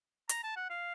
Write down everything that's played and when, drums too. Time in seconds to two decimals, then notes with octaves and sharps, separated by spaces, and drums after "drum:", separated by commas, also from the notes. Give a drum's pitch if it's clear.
0.29 A#5, drum: hi-hat
0.43 A5
0.56 F#5
0.70 F5